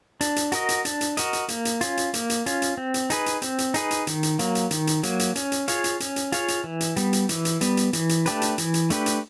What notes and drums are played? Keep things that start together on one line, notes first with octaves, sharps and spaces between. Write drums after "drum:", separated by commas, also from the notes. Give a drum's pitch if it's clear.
D4, drum: hi-hat
drum: hi-hat
F#4 A#4 D#5, drum: hi-hat
drum: hi-hat
D4, drum: hi-hat
drum: hi-hat
F#4 A#4 D#5, drum: hi-hat
drum: hi-hat
A#3, drum: hi-hat
drum: hi-hat
C#4 F4, drum: hi-hat
drum: hi-hat
A#3, drum: hi-hat
drum: hi-hat
C#4 F4, drum: hi-hat
drum: hi-hat
C4
drum: hi-hat
D#4 G#4 B4, drum: hi-hat
drum: hi-hat
C4, drum: hi-hat
drum: hi-hat
D#4 G#4 B4, drum: hi-hat
drum: hi-hat
D#3, drum: hi-hat
drum: hi-hat
F#3 A#3, drum: hi-hat
drum: hi-hat
D#3, drum: hi-hat
drum: hi-hat
F#3 A#3, drum: hi-hat
drum: hi-hat
C#4, drum: hi-hat
drum: hi-hat
F4 G#4 C#5 F5, drum: hi-hat
drum: hi-hat
C#4, drum: hi-hat
drum: hi-hat
F4 G#4 C#5 F5, drum: hi-hat
drum: hi-hat
E3
drum: hi-hat
G3 B3, drum: hi-hat
drum: hi-hat
E3, drum: hi-hat
drum: hi-hat
G3 B3, drum: hi-hat
drum: hi-hat
E3, drum: hi-hat
drum: hi-hat
A3 D4 G4 B4, drum: hi-hat
drum: hi-hat
E3, drum: hi-hat
drum: hi-hat
A3 D4 G4 B4, drum: hi-hat
drum: hi-hat